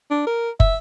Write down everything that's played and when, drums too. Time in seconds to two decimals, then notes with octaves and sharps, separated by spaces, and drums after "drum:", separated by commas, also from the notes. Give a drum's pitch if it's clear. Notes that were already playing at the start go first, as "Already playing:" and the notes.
0.10 D4
0.27 A#4
0.60 E5, drum: kick